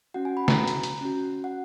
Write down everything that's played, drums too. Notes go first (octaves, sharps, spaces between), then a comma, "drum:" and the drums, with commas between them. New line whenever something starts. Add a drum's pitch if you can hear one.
C#4 F#4 F#5
G#5
B5
A#5, drum: snare
drum: hi-hat
drum: hi-hat
C#4 F#4
F#5